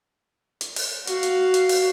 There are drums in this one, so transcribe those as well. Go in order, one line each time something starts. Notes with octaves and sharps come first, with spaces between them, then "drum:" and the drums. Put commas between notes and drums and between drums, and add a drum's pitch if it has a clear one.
drum: hi-hat
drum: open hi-hat
F#4 F5, drum: hi-hat
drum: hi-hat
drum: hi-hat
drum: open hi-hat